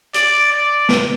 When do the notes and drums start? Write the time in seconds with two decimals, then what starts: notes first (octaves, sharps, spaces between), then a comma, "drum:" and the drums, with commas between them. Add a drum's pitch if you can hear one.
0.14 D5, drum: hi-hat
0.52 D5
0.89 drum: snare